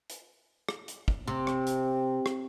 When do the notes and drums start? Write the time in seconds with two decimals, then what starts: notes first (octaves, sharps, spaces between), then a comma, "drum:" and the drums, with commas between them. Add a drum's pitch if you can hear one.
0.10 drum: hi-hat
0.69 drum: rim click
0.88 drum: hi-hat
1.08 drum: kick
1.27 C3 C4
1.47 drum: rim click
1.67 drum: hi-hat
2.26 drum: rim click